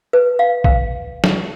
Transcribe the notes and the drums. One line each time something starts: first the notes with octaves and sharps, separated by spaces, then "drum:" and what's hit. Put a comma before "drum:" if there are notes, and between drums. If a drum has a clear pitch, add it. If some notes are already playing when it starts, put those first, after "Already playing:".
B4
F5
F5, drum: kick A#1
drum: snare